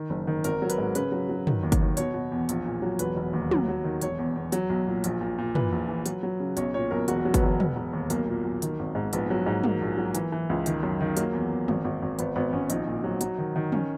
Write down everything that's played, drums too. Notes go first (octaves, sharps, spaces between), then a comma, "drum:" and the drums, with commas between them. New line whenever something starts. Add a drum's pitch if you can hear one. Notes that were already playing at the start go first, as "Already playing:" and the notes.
Already playing: D#3
F#1
D#3
G#1 A#4, drum: hi-hat
F#3
B4, drum: hi-hat
G#2
C#3 B4, drum: hi-hat
F#3
F#3
D#3, drum: tom
D#2
drum: kick, hi-hat
D#3
B2 C#5, drum: hi-hat
B2
E2
A#1, drum: hi-hat
A#2
F#3
E1 B4, drum: hi-hat
E1
D#2
F#3, drum: tom
F#3
D#3
E1 C#5, drum: hi-hat
E2
E2
F#3, drum: hi-hat
B1
A#2
A#1, drum: hi-hat
A#2
A#2
E3 B4, drum: tom
A#1
E3
F#3, drum: hi-hat
F#3
C#3
B1 C#5, drum: hi-hat
A#2 C#5
B1 A#4
E1 F#4, drum: hi-hat
F#3
B3, drum: kick, hi-hat
E1
E1, drum: tom
E1
D#2
B1 A#3, drum: hi-hat
A#2
B1
D#3, drum: hi-hat
G#1
G#2
A#1 B3, drum: hi-hat
F#3
G#2
F#3 A#3, drum: tom
A#1
F#3
E3, drum: hi-hat
E3
C#2
D#3, drum: hi-hat
F#2
D#3
F#3 A#3, drum: hi-hat
E2
E2
G#1, drum: tom
G#1
G#1
G#1 B3, drum: hi-hat
G#1 B3
G#1 C#4
A#1 D#4, drum: hi-hat
A#2
F#3
F#3, drum: hi-hat
D#3
D#3
C#4, drum: tom